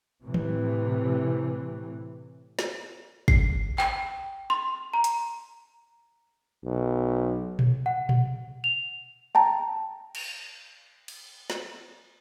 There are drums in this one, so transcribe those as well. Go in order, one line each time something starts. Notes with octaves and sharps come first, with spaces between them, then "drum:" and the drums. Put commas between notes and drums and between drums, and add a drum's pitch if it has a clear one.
A2 C3 E3
drum: tom D#3
drum: snare
C7, drum: kick
G5, drum: clap
C6
A#5
drum: hi-hat
B1
drum: tom A#2
F#5
drum: tom A#2
F7
G5 A5 A#5
drum: cymbal
drum: cymbal
drum: snare